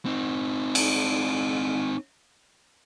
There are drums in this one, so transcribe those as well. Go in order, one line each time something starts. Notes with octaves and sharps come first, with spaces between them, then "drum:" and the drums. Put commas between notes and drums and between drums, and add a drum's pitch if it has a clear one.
C4 D#4
drum: cymbal